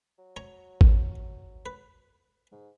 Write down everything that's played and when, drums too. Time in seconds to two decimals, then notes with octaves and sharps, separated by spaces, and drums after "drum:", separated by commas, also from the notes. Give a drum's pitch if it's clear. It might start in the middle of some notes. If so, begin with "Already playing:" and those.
0.19 F#3
0.36 C#5 A#5
0.81 drum: kick G#1
1.66 B4
2.52 G#2